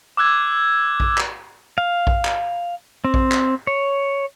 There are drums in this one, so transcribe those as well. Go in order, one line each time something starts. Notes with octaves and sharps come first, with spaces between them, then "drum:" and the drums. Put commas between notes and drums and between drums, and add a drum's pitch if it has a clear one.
D6 E6 F#6 G#6
drum: kick A#1
drum: clap
F5
drum: kick A#1
drum: clap
C4
drum: kick A#1
drum: clap
C#5